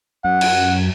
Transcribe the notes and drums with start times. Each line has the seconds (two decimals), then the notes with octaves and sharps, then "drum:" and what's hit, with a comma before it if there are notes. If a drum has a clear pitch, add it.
0.25 F#2 F#5
0.41 drum: cymbal